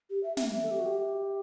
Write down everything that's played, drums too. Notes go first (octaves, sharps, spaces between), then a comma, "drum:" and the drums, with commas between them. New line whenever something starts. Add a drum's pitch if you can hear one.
G4
E5
E5, drum: snare
E5
A4
G4
F#4
G4